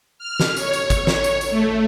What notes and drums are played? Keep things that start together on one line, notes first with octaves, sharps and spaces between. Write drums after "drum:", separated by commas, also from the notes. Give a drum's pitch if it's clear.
F6
drum: snare
C#5, drum: tambourine
drum: tambourine
drum: kick, tambourine
drum: snare
drum: tambourine
drum: tambourine
A3